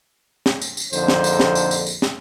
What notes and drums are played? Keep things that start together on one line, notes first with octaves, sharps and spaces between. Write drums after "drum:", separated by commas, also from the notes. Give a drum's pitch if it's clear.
drum: snare
drum: tambourine
drum: tambourine
A#1 F2 D3 F3 D#4 C5, drum: tambourine
drum: snare
drum: tambourine
drum: snare
drum: tambourine
drum: tambourine
drum: tambourine
drum: snare